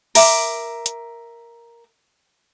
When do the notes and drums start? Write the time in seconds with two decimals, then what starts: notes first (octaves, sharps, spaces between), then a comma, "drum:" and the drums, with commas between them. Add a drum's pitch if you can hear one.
0.15 A#4 E5 D6, drum: open hi-hat
0.86 drum: hi-hat